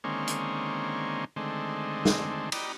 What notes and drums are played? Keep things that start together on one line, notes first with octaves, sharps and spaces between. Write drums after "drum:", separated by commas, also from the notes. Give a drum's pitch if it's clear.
D3 D#3 G#3 A#3 C4 C#4
drum: hi-hat
D3 D#3 G#3 A3 C4
drum: snare
D5 D#5 G5 A#5 B5, drum: cymbal